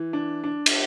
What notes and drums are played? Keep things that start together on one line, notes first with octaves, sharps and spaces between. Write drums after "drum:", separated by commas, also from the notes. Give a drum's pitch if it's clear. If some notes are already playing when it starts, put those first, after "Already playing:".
Already playing: E3
D4
D4
drum: cymbal